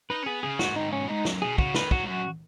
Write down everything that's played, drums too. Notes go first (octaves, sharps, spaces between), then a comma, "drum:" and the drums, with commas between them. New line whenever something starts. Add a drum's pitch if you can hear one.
D#4 B4
C#4
B3 G#4
C#3 G#4
G#2 F#4, drum: snare
D#3 D#4
C#3 C#4
B2
G#2 D#4
F#2, drum: snare
B2 G#4
C#3 F#4, drum: kick
D#3 B4, drum: snare
F#3 F#4, drum: kick
G#2
F#2 F#4